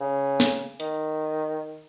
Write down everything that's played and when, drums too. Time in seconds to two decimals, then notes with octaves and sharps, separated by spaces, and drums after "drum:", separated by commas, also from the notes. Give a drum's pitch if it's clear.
0.01 C#3
0.40 drum: snare
0.80 D#3, drum: hi-hat